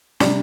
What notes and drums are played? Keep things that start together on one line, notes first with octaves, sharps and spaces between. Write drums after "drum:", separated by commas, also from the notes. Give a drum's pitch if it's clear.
C3 G3 D4, drum: snare